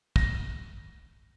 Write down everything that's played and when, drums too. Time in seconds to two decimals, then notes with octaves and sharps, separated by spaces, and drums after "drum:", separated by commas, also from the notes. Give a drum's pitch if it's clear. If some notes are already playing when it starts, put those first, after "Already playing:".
0.16 A#6, drum: kick